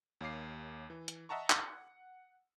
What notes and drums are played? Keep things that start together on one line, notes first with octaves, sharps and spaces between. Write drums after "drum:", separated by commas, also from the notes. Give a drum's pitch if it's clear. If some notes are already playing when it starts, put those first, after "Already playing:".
D#2 C#5 F5 D6 C7
E3
drum: hi-hat
D#5 E5 F#5 A5 A#5 C#6
F#5, drum: clap